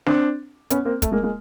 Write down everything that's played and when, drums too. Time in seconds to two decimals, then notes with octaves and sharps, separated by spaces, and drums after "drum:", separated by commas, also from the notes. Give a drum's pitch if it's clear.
0.06 C4 D4, drum: snare
0.70 B3 C#4, drum: hi-hat
0.85 A#3 C4
1.02 A3, drum: kick, hi-hat
1.12 G#3 A#3
1.23 G#3 A#3